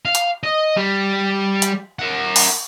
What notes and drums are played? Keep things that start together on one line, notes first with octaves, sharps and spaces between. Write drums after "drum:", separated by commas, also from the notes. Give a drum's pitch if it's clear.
F5
drum: hi-hat
D#5
G3
drum: hi-hat
A#4 F#5
drum: open hi-hat